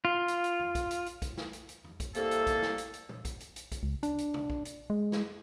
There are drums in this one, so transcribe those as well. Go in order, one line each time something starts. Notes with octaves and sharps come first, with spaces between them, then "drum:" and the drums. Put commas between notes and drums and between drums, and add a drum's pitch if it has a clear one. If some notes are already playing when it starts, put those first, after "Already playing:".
F4
drum: hi-hat
drum: hi-hat
drum: tom E2
drum: kick, hi-hat
drum: hi-hat
drum: hi-hat
drum: kick, hi-hat
drum: snare
drum: hi-hat
drum: hi-hat
drum: tom E2
drum: kick, hi-hat
C2 C3 A#3 A4, drum: hi-hat
drum: hi-hat
drum: kick, hi-hat
drum: snare
drum: hi-hat
drum: hi-hat
drum: tom A#2
drum: kick, hi-hat
drum: hi-hat
drum: hi-hat
drum: kick, hi-hat
C#2
D4, drum: hi-hat
drum: hi-hat
drum: tom
drum: kick
drum: hi-hat
G#3
drum: snare